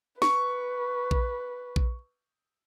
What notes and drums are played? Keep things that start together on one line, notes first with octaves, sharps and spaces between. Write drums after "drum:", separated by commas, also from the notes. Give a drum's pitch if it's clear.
B4 C#6, drum: snare
drum: kick A#1
drum: kick A#1